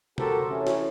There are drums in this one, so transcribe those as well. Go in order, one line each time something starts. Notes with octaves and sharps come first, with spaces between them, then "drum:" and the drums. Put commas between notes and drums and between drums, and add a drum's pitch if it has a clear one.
F#4 G4 A4 A#4 C5, drum: tom C3
A2 C3 E3 C#4
drum: snare